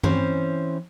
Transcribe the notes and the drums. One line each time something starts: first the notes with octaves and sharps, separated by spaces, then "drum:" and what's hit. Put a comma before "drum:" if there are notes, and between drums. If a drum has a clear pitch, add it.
E3 C4 C#4 C5, drum: tom G2